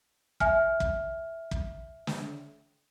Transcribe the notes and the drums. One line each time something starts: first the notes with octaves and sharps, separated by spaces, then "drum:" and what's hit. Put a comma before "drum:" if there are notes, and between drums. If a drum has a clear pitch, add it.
E5 G#5 F6, drum: kick
drum: kick
drum: kick
drum: snare